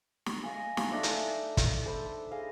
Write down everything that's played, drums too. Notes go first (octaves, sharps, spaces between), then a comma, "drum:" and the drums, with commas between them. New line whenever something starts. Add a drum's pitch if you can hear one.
drum: snare
D#5 F5 G#5
F5 A5 A#5, drum: snare
A3 D4 D#4 E5
drum: hi-hat
A5, drum: kick, hi-hat
A4 C5 B5
G#4 D#5 F5